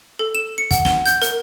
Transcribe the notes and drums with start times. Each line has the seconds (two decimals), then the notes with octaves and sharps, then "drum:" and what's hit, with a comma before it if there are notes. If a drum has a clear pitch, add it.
0.19 A4
0.35 E7
0.58 C#7
0.71 F#5, drum: kick, hi-hat
0.85 G7, drum: snare
1.06 G6, drum: hi-hat
1.22 A#4, drum: hi-hat